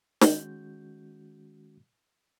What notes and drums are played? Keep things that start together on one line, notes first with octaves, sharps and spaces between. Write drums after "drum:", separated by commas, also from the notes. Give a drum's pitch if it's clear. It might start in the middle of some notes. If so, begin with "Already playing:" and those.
D#3 G#3 C#4 F#4 G6, drum: snare